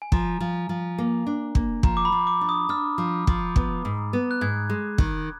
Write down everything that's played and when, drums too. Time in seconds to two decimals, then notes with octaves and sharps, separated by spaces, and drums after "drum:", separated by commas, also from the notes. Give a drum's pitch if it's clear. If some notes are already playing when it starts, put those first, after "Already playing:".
0.02 G#5
0.12 F3 A#5, drum: kick
0.40 F3
0.69 F3
0.98 A#3
1.27 D4
1.55 A#3, drum: kick
1.83 F3 A#5, drum: kick
1.97 D6
2.05 B5
2.12 F3
2.27 D6
2.41 D4
2.49 D#6
2.69 D4 F6
2.98 F3
3.27 F3, drum: kick
3.56 B3, drum: kick
3.85 G#2
4.13 B3
4.31 F#6
4.41 G#2 G#6
4.70 G#3
4.98 D#3, drum: kick